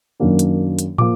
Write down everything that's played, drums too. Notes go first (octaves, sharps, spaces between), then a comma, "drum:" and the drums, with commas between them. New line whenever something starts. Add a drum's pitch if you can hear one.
F#2 D#3 F#3 A#3 D4
drum: hi-hat
drum: hi-hat
F3 A#3 D6, drum: tom